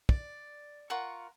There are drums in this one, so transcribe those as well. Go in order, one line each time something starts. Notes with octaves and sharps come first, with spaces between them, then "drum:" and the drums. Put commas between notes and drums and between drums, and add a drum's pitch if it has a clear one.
D5, drum: kick
F4 A#4 F#5 C#6